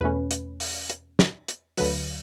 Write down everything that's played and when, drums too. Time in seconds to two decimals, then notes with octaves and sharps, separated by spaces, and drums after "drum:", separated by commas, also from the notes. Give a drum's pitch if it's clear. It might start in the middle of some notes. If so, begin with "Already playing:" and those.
0.01 E2 B2 A3 C#4 B4
0.31 drum: hi-hat
0.60 drum: open hi-hat
0.90 drum: hi-hat
1.19 drum: snare
1.48 drum: hi-hat
1.77 D2 D3 F#3 B4, drum: open hi-hat